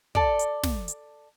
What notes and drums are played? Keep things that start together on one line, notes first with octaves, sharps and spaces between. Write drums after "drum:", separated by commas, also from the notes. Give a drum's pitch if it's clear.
A4 D5, drum: kick
drum: hi-hat
drum: snare
drum: hi-hat